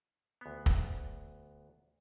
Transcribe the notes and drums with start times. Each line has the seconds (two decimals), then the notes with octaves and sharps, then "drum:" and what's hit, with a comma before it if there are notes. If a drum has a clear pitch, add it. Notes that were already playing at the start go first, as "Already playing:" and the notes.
0.41 D2 B3
0.66 drum: kick